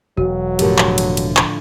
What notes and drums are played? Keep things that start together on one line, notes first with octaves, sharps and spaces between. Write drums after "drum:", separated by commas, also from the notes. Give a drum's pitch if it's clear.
E1 F#3 F#4
A2 D3 F3 G4 A#4, drum: cymbal
drum: clap
drum: cymbal
drum: cymbal
drum: clap